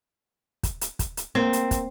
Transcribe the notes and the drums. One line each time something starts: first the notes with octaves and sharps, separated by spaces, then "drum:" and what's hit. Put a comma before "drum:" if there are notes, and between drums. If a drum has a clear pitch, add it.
drum: kick, hi-hat
drum: hi-hat
drum: kick, hi-hat
drum: hi-hat
A#3 C4
drum: hi-hat
drum: kick, hi-hat